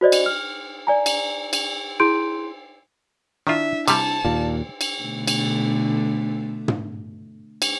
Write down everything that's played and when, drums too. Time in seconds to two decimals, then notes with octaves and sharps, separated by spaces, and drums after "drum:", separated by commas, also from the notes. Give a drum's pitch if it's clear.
0.01 F#4 C5 D5 D#5
0.12 drum: cymbal
0.26 F6
0.87 D5 G#5 A#5
1.06 drum: cymbal
1.53 drum: cymbal
2.00 E4 G#4 C6 G6 D7
3.47 D#3 D4 E4 F4 E5
3.88 C3 G3 A5, drum: cymbal
4.25 D#2 A#2 F4 D5 F5
4.81 drum: cymbal
5.02 B2 D3 A3
5.28 drum: cymbal
6.68 drum: tom
7.62 drum: cymbal